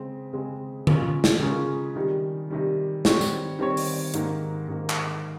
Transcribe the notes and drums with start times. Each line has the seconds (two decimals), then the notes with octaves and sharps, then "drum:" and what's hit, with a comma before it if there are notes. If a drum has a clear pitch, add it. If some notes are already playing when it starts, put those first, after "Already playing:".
Already playing: C#3 G#3 C4
0.33 C#3 G#3 C4
0.87 C#3 G#3 C#4 F4 A#4, drum: tom D3
1.24 drum: snare
1.41 C#3 G#3 C#4 F4 A#4
1.96 C3 D#3 G3
2.50 C3 D#3 G3
3.05 D#3 G3 C4 G4 C#5, drum: snare
3.21 drum: tambourine
3.59 D#3 G3 C4 G4 C#5
3.77 drum: open hi-hat
4.14 G#2 D#3 A#3, drum: hi-hat
4.68 G#2 D#3 A#3
4.89 drum: clap